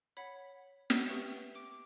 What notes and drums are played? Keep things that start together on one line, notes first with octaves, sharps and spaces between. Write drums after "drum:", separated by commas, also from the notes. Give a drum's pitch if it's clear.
C#5 F#5 B5 B6
drum: snare
G4 B4 E5 G5 C#6 C#7
D6 D7